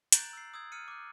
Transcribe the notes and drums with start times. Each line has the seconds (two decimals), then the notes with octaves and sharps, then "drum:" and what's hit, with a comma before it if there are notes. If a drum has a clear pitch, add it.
0.12 A#5 F#6 G6 A6 D7 F#7, drum: hi-hat
0.33 E6 C7
0.54 D#6 E6 G#6
0.72 F6 C#7 D#7
0.88 D6 F#6